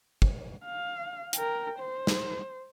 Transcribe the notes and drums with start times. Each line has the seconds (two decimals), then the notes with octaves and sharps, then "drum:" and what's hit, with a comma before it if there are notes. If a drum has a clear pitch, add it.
0.22 drum: kick
0.65 F5
1.33 A#4 G5, drum: hi-hat
1.79 C5
2.07 drum: snare